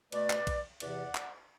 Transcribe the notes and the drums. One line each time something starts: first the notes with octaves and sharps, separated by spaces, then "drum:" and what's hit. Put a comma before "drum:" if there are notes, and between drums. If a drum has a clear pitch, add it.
B2 A3 B4 D5, drum: cymbal
drum: clap
drum: kick A#1, cymbal
E2 C3 E3 D5 F#5, drum: cymbal
drum: clap